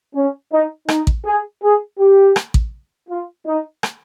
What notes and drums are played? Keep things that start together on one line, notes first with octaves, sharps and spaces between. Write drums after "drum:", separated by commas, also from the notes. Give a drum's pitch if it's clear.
C#4
D#4
D#4, drum: rim click
drum: kick A1
G#4
G#4
G4
drum: rim click
drum: kick A1
F4
D#4
drum: rim click